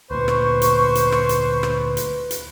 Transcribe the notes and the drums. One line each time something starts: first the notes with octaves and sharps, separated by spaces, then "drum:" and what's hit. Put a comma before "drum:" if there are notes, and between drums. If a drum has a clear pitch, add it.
D2 A#2 B4 C5 C#6
drum: rim click
drum: hi-hat
drum: hi-hat
drum: rim click
drum: hi-hat
drum: rim click
drum: hi-hat
drum: hi-hat